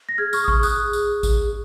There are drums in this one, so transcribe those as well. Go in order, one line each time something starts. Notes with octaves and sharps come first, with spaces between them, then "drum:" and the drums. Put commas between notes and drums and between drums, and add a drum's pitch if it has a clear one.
A#6
G#4 F6 G#6
C#6 F6, drum: tambourine
D#6
C#6 F6, drum: kick A1
D#6 F#6, drum: tambourine
drum: tambourine
drum: kick A1, tambourine